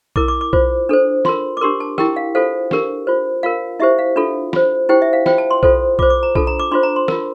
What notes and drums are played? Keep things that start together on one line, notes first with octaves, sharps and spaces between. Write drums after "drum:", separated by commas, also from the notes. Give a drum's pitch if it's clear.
E4 A#4 D6, drum: kick B1
D6
D6
F4 C5, drum: kick B1
D4 A4 C5
F4 A#4 C6, drum: snare
D6
D4 G4 A#4 C6
A5
E4 G4 A#4 G5, drum: snare
F5
F4 A4 C5 F5
D4 G4 A#4, drum: snare
F4 C5
F4 A#4 F5
E4 G4 C5 E5
F5
D4 F4 A4
F4 C5, drum: snare
E4 G4 C5 G5
E5
F5
F4 C5 G5, drum: snare
A5
C6
F4 A4 C5, drum: kick B1
F4 C5 D6, drum: kick B1
D6
A#5
D4 F4 A4 A5, drum: kick B1
A#5
D6
D4 F4 C5 C6
A#5
C6
F4 A#4, drum: snare